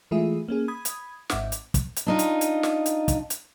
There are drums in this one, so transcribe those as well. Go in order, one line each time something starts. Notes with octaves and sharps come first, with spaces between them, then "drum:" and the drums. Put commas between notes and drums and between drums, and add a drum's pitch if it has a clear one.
E3 G#3 A3 F4 G#4 E5
A#3 C#4 G#4
B5 D#6 G#6
drum: hi-hat
G#1 G#2 C4 E5 F#5 D6, drum: snare
drum: hi-hat
drum: kick, hi-hat
drum: hi-hat
D4 D#4 F4
drum: hi-hat
drum: hi-hat
drum: snare
drum: hi-hat
drum: kick, hi-hat
drum: hi-hat